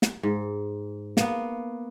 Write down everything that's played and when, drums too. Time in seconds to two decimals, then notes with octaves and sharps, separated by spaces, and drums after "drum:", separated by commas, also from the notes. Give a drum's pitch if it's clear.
0.02 drum: snare
0.23 G#2
1.17 A#3 B3, drum: snare